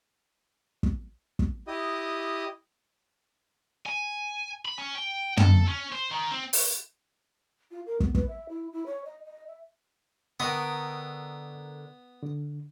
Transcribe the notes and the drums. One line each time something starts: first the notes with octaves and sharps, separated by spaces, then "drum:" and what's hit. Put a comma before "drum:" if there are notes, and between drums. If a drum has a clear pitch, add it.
drum: kick
drum: kick
E4 G4 D#5 D#6
G#5
B5
C#4
G5
A4, drum: tom
C#4
C5
D#3
C4
drum: open hi-hat
F4
A#4
B3, drum: kick
B4, drum: kick
E5
E4
E4
C#5
D#5
D#5
E5
D3 B3 A#4 D#5 G5 C#6 D#6
D3